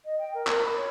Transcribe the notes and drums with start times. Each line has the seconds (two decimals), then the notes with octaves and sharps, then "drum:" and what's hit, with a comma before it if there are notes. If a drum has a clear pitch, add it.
0.04 D#5
0.19 G5
0.32 A#4
0.47 A#4, drum: clap
0.64 B5
0.77 C#5